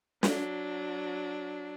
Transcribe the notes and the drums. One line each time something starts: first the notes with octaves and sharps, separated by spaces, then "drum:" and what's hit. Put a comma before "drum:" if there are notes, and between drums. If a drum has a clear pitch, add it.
F#3 D4, drum: snare